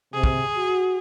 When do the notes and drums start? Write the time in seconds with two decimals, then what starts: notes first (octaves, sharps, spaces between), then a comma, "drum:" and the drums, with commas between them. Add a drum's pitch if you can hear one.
0.13 C3 G#4
0.24 drum: kick
0.56 F#4